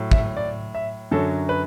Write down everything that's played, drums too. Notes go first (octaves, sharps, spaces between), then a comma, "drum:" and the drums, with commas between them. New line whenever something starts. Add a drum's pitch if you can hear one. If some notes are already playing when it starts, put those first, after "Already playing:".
Already playing: A2 F#3
E5, drum: kick
D5
E5
F#2 D3 F#3 A4
B4